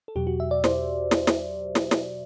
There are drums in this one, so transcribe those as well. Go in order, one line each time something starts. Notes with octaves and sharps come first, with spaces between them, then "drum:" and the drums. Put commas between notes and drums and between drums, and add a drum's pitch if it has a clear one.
A4
E2 B2 F#3 G4
F#4
E5
D5
C5, drum: snare
drum: snare
drum: snare
drum: snare
drum: snare